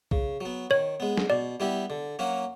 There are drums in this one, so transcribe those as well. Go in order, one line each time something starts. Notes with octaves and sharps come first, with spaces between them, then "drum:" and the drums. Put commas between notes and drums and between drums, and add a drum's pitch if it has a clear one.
C#3, drum: kick B1
F#3 B3
D#3 C#5
G#3 B3
drum: snare
B2 D5
G3 B3 E4 G4
D3
F#3 A#3 C#4 F#4